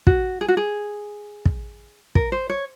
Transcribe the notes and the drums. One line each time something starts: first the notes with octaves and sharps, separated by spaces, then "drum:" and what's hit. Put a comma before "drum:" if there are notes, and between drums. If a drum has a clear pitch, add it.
F#4, drum: kick
G#4
F#4
G#4
drum: kick
A#4, drum: kick
C5
C#5